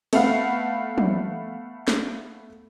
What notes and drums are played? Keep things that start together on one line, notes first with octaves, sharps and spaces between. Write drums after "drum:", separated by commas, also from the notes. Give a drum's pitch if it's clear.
A3 B3 F5 F#5, drum: cymbal
drum: tom
drum: snare